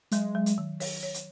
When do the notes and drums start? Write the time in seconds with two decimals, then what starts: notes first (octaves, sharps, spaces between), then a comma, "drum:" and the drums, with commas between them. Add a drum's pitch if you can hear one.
0.11 F#3 G#3, drum: hi-hat
0.35 F#3
0.46 drum: hi-hat
0.58 D#3
0.80 C#5, drum: open hi-hat
1.03 C#5
1.14 drum: hi-hat